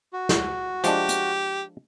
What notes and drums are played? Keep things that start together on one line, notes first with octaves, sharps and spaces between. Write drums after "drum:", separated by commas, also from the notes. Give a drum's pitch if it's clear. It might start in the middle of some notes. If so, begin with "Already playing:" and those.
F#4
drum: snare
F3 G#3 D4 G4, drum: hi-hat
drum: hi-hat